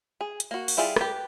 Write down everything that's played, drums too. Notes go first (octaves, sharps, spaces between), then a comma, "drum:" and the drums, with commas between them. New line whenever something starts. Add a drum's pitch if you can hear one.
G#4
drum: hi-hat
A#3 F#4
drum: open hi-hat
G3 E4 F4 G#4 A4
G4 B4, drum: rim click